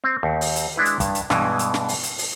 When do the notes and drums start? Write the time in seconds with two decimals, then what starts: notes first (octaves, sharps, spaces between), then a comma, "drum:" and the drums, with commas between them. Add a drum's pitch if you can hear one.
0.04 C4
0.23 D#2
0.41 drum: open hi-hat
0.56 drum: hi-hat
0.76 G#3 D4 E4 B4
0.85 drum: hi-hat
1.00 G2, drum: kick, hi-hat
1.15 drum: hi-hat
1.30 G2 B2 E3 G#3, drum: snare
1.59 drum: hi-hat
1.74 drum: snare
1.89 drum: open hi-hat
2.03 drum: hi-hat
2.18 drum: open hi-hat